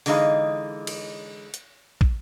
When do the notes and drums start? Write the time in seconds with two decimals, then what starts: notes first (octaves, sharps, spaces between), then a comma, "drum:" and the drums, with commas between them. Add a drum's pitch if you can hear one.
0.06 D3 E3 G#3 D#4 F5, drum: open hi-hat
0.87 drum: cymbal
1.54 drum: hi-hat
2.01 drum: kick